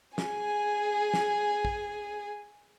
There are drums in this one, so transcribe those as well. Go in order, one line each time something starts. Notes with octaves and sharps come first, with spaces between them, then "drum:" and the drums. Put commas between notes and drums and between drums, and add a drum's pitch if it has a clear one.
G#4 G#5, drum: snare
drum: snare
drum: kick